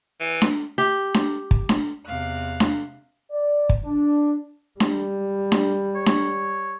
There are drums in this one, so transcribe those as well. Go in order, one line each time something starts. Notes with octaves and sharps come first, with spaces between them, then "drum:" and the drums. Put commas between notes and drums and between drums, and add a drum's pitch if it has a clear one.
E3
drum: snare D4
G4
drum: snare D4
drum: kick
drum: snare D4
E2 C3 F5 F#6
drum: snare D4
D5
drum: kick
D4
G3, drum: snare D4
drum: snare D4
C#5
drum: snare D4